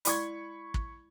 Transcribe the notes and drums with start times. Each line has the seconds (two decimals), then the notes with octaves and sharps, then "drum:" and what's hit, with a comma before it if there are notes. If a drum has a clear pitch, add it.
0.05 G#3 E4 D5 B5 C#6 G#6, drum: hi-hat
0.74 drum: kick